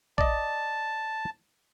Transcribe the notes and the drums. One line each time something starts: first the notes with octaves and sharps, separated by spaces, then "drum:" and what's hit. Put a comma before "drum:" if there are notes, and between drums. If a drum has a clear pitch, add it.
D5 D#5 A5, drum: kick